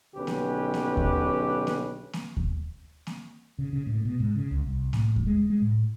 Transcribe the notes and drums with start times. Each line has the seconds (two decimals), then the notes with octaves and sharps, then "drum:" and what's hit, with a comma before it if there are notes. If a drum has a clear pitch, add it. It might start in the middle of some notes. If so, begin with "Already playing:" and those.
0.16 B1 D3 C#4 G4 B4
0.27 drum: snare A#3
0.74 drum: snare A#3
0.97 drum: kick D#2
1.67 drum: snare A#3
2.13 drum: snare A#3
2.37 drum: kick D#2
3.07 drum: snare A#3
3.59 C#3
3.73 C#3
3.86 A2
4.05 B2
4.20 G#2
4.36 C#3
4.51 C#2
4.66 C2
4.93 A2, drum: snare A#3
5.16 drum: kick D#2
5.27 G#3
5.50 G#3
5.62 A2